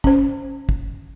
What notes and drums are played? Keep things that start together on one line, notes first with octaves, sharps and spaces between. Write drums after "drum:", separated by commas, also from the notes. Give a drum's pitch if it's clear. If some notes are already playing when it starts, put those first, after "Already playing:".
C#4 C5, drum: kick
drum: kick